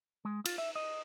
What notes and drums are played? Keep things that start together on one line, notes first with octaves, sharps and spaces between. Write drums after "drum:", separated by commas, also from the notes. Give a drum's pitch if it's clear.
G#3
F4, drum: cymbal
E5
D#5